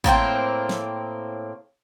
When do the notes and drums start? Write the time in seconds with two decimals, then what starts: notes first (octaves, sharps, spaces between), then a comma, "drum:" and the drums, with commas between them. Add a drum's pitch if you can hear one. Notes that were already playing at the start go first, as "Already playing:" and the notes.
0.04 A2 A#3 C4 G5, drum: kick
0.69 drum: snare